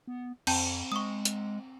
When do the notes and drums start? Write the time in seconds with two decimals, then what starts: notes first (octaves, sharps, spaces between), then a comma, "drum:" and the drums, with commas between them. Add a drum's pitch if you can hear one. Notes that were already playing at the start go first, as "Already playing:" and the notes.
0.08 B3
0.47 F2 C4 G5 A5 G6, drum: cymbal
0.92 G#3 C#6 D#6
1.25 drum: hi-hat